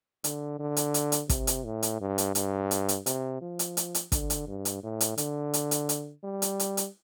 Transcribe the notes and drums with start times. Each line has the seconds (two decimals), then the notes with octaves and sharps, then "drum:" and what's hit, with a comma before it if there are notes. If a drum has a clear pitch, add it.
0.24 D3, drum: hi-hat
0.59 D3
0.77 drum: hi-hat
0.94 drum: hi-hat
1.12 drum: hi-hat
1.29 C3, drum: kick, hi-hat
1.47 drum: hi-hat
1.65 A2
1.83 drum: hi-hat
2.01 G2
2.18 drum: hi-hat
2.35 G2, drum: hi-hat
2.71 drum: hi-hat
2.89 drum: hi-hat
3.06 C3, drum: hi-hat
3.42 F3
3.59 drum: hi-hat
3.77 drum: hi-hat
3.95 drum: hi-hat
4.12 D3, drum: kick, hi-hat
4.30 drum: hi-hat
4.48 G2
4.65 drum: hi-hat
4.83 A2
5.01 drum: hi-hat
5.18 D3, drum: hi-hat
5.54 drum: hi-hat
5.71 drum: hi-hat
5.89 drum: hi-hat
6.24 G3
6.42 drum: hi-hat
6.60 drum: hi-hat
6.77 drum: hi-hat